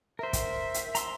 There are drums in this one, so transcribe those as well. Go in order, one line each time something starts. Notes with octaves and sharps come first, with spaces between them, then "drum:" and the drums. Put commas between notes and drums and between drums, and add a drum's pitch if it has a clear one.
A#4 C5 E5
drum: kick, hi-hat
drum: hi-hat
A#5 C6 E6, drum: hi-hat